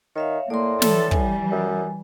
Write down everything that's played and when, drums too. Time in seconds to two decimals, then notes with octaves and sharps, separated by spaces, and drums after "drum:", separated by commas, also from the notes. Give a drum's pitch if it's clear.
0.16 D#3 C#5 E5 F5
0.50 A2 A#3 D5 C6
0.82 E3 A4, drum: snare
1.11 E3 G3 G#5, drum: kick
1.52 F#2